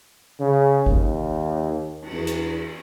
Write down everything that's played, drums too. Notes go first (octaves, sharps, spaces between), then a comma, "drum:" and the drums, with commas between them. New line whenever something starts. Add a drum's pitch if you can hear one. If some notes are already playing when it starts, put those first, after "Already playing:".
C#3
D#2, drum: kick G1
drum: cymbal
E2
drum: hi-hat